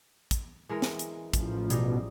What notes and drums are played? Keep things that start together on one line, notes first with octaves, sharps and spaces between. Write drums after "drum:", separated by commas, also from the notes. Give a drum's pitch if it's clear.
drum: kick, hi-hat
E3 G#3 A#4
drum: snare
drum: hi-hat
A1 F3, drum: kick, hi-hat
B2 G3 D#4 G#4, drum: hi-hat